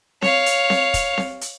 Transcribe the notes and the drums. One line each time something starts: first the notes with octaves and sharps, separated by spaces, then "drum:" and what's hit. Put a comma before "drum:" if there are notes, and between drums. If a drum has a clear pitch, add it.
C#5 F5, drum: snare C4
drum: hi-hat
drum: snare C4
drum: kick, hi-hat
drum: snare C4
drum: hi-hat